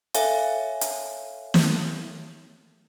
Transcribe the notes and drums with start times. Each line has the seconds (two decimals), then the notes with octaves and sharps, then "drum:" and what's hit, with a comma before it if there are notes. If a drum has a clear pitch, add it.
0.14 A4 C#5 E5 F5 G#5, drum: hi-hat
0.81 drum: hi-hat
1.54 drum: snare